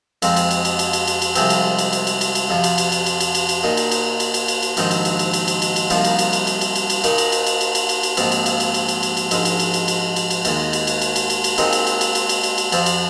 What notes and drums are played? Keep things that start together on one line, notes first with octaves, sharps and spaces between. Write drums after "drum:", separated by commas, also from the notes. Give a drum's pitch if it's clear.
F2 F3 G#3 C4, drum: cymbal
drum: cymbal
drum: cymbal
drum: cymbal
drum: cymbal
drum: cymbal
drum: cymbal
drum: cymbal
C2 C3 F3 G#3 C4, drum: cymbal
drum: cymbal
drum: cymbal
drum: cymbal
drum: cymbal
drum: cymbal
drum: cymbal
F2 C3 F3
drum: cymbal
drum: cymbal
drum: cymbal
drum: cymbal
drum: cymbal
drum: cymbal
drum: cymbal
A#2 A#3 D#4
drum: cymbal
drum: cymbal
drum: cymbal
drum: cymbal
drum: cymbal
drum: cymbal
A#1 G#2 D#3 C4 D#4, drum: cymbal
drum: cymbal
drum: cymbal
drum: cymbal
drum: cymbal
drum: cymbal
drum: cymbal
drum: cymbal
C2 C3 F3 A#3 D#4, drum: cymbal
drum: cymbal
drum: cymbal
drum: cymbal
drum: cymbal
drum: cymbal
drum: cymbal
drum: cymbal
A#2 A#3 D#4, drum: cymbal
drum: cymbal
drum: cymbal
drum: cymbal
drum: cymbal
drum: cymbal
drum: cymbal
drum: cymbal
A#1 G#2 F3 C4, drum: cymbal
drum: cymbal
drum: cymbal
drum: cymbal
drum: cymbal
drum: cymbal
drum: cymbal
drum: cymbal
A#1 G#2 G#3, drum: cymbal
drum: cymbal
drum: cymbal
drum: cymbal
drum: cymbal
drum: cymbal
drum: cymbal
D#2 D#3 G#3, drum: cymbal
drum: cymbal
drum: cymbal
drum: cymbal
drum: cymbal
drum: cymbal
drum: cymbal
A#2 G#3 C4 D#4, drum: cymbal
drum: cymbal
drum: cymbal
drum: cymbal
drum: cymbal
drum: cymbal
drum: cymbal
drum: cymbal
F2 F3 C4, drum: cymbal
drum: cymbal